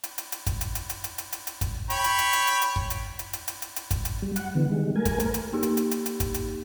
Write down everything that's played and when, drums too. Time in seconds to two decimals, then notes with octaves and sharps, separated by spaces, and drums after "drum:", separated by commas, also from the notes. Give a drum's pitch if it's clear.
0.03 drum: hi-hat
0.18 drum: hi-hat
0.32 drum: hi-hat
0.47 drum: kick, hi-hat
0.61 drum: hi-hat
0.75 drum: hi-hat
0.90 drum: hi-hat
1.04 drum: hi-hat
1.18 drum: hi-hat
1.33 drum: hi-hat
1.47 drum: hi-hat
1.61 drum: kick, hi-hat
1.90 C#5 G5 B5, drum: hi-hat
2.04 drum: hi-hat
2.19 drum: hi-hat
2.33 drum: hi-hat
2.47 drum: hi-hat
2.62 drum: hi-hat
2.76 drum: kick
2.90 drum: hi-hat
3.19 drum: hi-hat
3.33 drum: hi-hat
3.48 drum: hi-hat
3.62 drum: hi-hat
3.76 drum: hi-hat
3.91 drum: kick, hi-hat
4.05 drum: hi-hat
4.22 G3
4.36 F#5, drum: hi-hat
4.55 D3 E3 B3
4.69 D#3 G3 G#3
4.96 A3 A#4 G#5
5.05 drum: kick, hi-hat
5.20 A#4, drum: hi-hat
5.34 drum: hi-hat
5.53 A#3 D#4 G4
5.63 drum: hi-hat
5.77 drum: hi-hat
5.91 drum: hi-hat
6.06 drum: hi-hat
6.20 drum: kick, hi-hat
6.34 drum: hi-hat